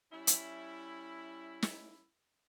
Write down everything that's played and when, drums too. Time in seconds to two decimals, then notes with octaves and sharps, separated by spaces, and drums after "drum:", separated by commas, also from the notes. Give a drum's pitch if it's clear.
0.12 G3 C#4 E4
0.27 drum: hi-hat
1.62 drum: snare